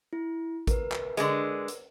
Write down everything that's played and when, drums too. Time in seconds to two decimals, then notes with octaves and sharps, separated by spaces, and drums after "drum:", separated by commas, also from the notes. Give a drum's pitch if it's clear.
0.13 E4
0.67 A#4 B4, drum: kick A1, hi-hat
0.92 drum: clap
1.17 D3 G#3, drum: hi-hat
1.68 drum: hi-hat